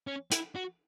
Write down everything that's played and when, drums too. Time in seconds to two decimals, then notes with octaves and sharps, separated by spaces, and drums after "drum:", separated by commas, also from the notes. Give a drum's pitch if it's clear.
0.07 C#4
0.32 E4, drum: hi-hat
0.55 F#4